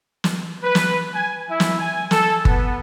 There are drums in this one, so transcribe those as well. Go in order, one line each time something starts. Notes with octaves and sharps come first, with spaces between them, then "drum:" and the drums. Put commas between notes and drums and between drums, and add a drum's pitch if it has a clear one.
drum: snare
B4
drum: snare
G#5
E4
drum: snare
G#5
A4, drum: snare
B3, drum: kick G1